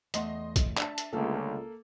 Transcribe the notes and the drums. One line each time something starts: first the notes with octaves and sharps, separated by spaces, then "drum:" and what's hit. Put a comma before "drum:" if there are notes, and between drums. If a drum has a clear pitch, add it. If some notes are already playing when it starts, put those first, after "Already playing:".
E2 A3 D#5 F#5 C6, drum: hi-hat
drum: kick, hi-hat
D4 E5 A5, drum: clap
drum: hi-hat
C#2 D3 G3 A3 A#3 A4